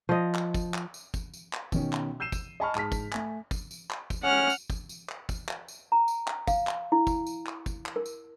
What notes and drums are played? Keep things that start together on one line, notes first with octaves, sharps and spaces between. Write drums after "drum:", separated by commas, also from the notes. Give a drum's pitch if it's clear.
F3 D#5
drum: clap
drum: kick, tambourine
drum: clap
drum: tambourine
drum: kick, tambourine
drum: tambourine
drum: clap
B2 D#3 C#4, drum: kick, tambourine
drum: clap
E6 G6 C7 D#7 E7
drum: kick, tambourine
D#5 G#5 A5 B5 C#6 F6
G#2 A5 F6 B6, drum: clap
drum: kick, tambourine
A3 G#5, drum: clap
drum: kick, tambourine
drum: tambourine
drum: clap
drum: kick, tambourine
C#4 F#5 F6
drum: tambourine
drum: kick, tambourine
drum: tambourine
drum: clap
drum: kick, tambourine
drum: clap
drum: tambourine
A#5
drum: tambourine
drum: clap
F5, drum: kick, tambourine
drum: clap
E4
drum: kick, tambourine
drum: tambourine
drum: clap
drum: kick, tambourine
drum: clap
A#4
drum: tambourine